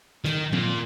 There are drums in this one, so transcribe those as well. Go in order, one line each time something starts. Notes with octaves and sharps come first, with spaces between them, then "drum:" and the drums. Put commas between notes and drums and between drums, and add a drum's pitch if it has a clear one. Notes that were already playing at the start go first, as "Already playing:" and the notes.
D#3, drum: snare
A#2, drum: tom F3